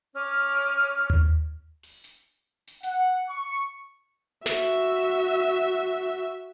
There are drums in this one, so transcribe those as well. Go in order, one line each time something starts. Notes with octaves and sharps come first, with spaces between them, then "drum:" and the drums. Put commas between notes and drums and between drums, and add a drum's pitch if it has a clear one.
C#4 D6 F6
drum: tom D#2
drum: open hi-hat
drum: hi-hat
drum: hi-hat
F#5, drum: hi-hat
C#6
F#4 E5, drum: snare